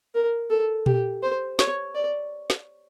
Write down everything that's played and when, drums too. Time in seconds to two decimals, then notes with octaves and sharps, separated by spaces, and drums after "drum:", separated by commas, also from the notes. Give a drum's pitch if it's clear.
0.15 A#4
0.51 A4
0.86 G4, drum: tom A#2
1.23 C5
1.59 C#5, drum: snare
1.95 D5
2.50 drum: snare